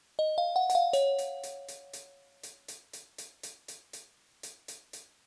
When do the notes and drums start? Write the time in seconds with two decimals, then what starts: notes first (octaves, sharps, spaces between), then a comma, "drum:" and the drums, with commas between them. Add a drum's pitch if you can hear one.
0.19 D#5
0.38 F5
0.56 F#5
0.70 F#5, drum: hi-hat
0.75 F5
0.93 C#5, drum: hi-hat
1.18 drum: hi-hat
1.43 drum: hi-hat
1.68 drum: hi-hat
1.93 drum: hi-hat
2.43 drum: hi-hat
2.68 drum: hi-hat
2.93 drum: hi-hat
3.18 drum: hi-hat
3.43 drum: hi-hat
3.68 drum: hi-hat
3.93 drum: hi-hat
4.43 drum: hi-hat
4.68 drum: hi-hat
4.93 drum: hi-hat